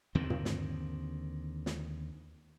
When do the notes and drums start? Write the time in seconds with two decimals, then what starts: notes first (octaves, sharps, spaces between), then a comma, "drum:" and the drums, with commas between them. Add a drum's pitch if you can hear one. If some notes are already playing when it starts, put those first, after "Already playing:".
0.15 D#2 D3 D#3 C4
0.30 drum: tom
0.45 drum: snare
1.66 drum: snare